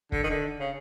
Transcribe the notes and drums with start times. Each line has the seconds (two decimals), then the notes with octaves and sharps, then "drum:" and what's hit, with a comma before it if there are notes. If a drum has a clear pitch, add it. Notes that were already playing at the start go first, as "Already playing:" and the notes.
0.12 D3, drum: kick
0.24 D#3
0.30 D3
0.60 C#3